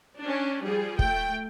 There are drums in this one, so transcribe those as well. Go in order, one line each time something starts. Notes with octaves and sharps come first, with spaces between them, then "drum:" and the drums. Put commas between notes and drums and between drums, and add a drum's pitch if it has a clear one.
C#4 D4
F3 G3 G#4
A3 G5, drum: kick